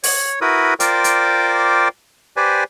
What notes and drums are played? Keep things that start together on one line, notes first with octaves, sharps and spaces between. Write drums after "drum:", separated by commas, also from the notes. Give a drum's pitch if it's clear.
C#5, drum: open hi-hat
E4 F#4 A#4 B4 B5 D#6
F4 A#4 C5 D5 G5 D6, drum: hi-hat
drum: hi-hat
G4 B4 C5 D5 G#5